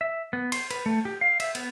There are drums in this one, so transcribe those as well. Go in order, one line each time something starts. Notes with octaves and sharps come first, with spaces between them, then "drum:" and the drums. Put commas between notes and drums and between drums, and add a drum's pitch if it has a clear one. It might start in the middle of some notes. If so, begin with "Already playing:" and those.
E5
B3
C6, drum: cymbal
B4, drum: cymbal
A3
G4
F5
E5, drum: cymbal
B3, drum: cymbal